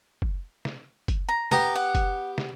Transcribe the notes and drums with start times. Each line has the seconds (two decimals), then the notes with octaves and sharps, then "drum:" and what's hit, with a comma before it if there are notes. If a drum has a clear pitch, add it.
0.22 drum: kick F#1
0.65 drum: snare
1.08 drum: kick F#1, hi-hat
1.29 A#5
1.51 B3 G4 A#5, drum: snare
1.76 F#5
1.95 drum: kick F#1, hi-hat
2.38 drum: snare